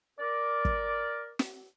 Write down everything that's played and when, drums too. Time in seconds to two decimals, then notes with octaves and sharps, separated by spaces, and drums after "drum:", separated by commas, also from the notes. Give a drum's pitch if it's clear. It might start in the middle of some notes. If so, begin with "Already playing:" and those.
0.20 A#4 D5
0.65 drum: kick
1.39 drum: snare